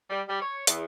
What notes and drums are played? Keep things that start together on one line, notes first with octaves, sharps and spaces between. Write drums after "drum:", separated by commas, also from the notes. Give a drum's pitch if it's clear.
G3
G3
C#5
E2, drum: hi-hat